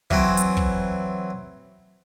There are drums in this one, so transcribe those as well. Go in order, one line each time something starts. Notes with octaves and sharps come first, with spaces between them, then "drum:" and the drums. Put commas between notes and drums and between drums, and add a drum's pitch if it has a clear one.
E3 F#3 C4, drum: kick
drum: hi-hat
drum: kick